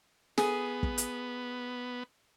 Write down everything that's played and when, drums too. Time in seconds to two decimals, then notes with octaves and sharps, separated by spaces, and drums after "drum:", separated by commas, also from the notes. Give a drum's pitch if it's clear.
0.38 B3 G#4, drum: snare
0.83 drum: kick
0.98 drum: hi-hat